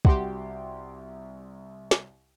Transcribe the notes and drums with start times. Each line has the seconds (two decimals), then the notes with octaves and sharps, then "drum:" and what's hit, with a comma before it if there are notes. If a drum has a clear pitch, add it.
0.05 C2 F#4 G4 C6, drum: kick
1.91 drum: snare